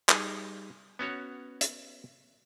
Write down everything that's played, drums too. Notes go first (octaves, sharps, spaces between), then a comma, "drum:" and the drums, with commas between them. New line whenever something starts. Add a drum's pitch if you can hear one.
G3 D#4 G#4, drum: clap
B3 C#4 F#4 C#5
drum: hi-hat